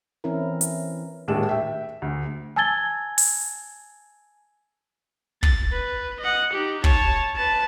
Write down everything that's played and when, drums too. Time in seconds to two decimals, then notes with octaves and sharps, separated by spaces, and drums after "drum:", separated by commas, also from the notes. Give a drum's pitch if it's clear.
0.24 E3 C4 C#4 E4 A#4
0.61 drum: hi-hat
1.28 D#1 D#2 A2 G#3 D4 E7
1.49 E5 G5
2.02 D2
2.56 G#5 A5 E6 G#6 A6 G7
3.18 drum: open hi-hat
5.43 A6, drum: kick
5.72 B4
6.20 D#5 F#5
6.53 D#4 G4
6.84 C#5 A5, drum: kick
7.36 B4 A5